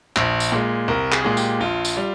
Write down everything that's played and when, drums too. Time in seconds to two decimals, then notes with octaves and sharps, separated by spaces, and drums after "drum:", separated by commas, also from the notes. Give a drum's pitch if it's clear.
0.16 A#1, drum: clap
0.40 drum: tambourine
0.52 A#2 G#3
0.88 C2 A#4
1.12 G#4, drum: clap
1.24 A#2 G#3
1.37 G4, drum: tambourine
1.60 A#1 F4
1.85 drum: tambourine
1.97 G3